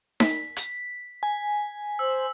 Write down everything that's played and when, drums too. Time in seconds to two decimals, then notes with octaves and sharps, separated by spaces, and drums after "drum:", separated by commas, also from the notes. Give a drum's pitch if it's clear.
0.20 B6, drum: snare D#4
0.56 drum: hi-hat
1.23 G#5
1.99 C5 E6